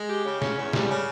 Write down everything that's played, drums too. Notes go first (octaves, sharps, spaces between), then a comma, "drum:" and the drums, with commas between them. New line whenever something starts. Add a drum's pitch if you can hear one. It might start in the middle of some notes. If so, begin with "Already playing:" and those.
Already playing: G#3
G4
C#3
C#4, drum: snare
E2
G3, drum: snare
C#3